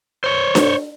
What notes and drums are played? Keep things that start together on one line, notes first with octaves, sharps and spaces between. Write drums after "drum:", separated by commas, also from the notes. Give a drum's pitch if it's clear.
C5 C#5
drum: snare D4